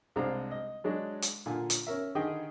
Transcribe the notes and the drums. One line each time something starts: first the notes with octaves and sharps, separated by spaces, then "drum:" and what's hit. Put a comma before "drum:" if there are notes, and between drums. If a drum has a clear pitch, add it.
C2 G#3 C4 D4 F5 A#5
D#5
F#3 G#3 D4 D#5
drum: hi-hat
A#2 D3 F4 G#5
drum: hi-hat
C#4 A#4 E5
D3 D#3 G4 G#4 D#5 G5